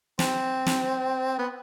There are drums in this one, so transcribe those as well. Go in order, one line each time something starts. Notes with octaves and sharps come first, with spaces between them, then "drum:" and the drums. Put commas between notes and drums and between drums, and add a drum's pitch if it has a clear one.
C4, drum: snare
drum: snare
B3